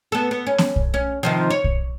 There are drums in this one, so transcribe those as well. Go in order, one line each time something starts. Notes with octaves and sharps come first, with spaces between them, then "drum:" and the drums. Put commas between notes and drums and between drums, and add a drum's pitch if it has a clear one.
B3 A4
B3
C#4
drum: snare B3
drum: kick
C#4
C3 D#3 F3
C#5
drum: kick